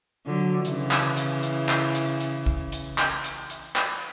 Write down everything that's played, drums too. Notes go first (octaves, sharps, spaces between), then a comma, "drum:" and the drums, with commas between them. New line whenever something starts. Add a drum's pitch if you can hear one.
D3 F#3
C#3 E3, drum: hi-hat
drum: clap
drum: hi-hat
drum: hi-hat
drum: clap
drum: hi-hat
drum: hi-hat
drum: kick
drum: hi-hat
drum: clap
drum: hi-hat
drum: hi-hat
drum: clap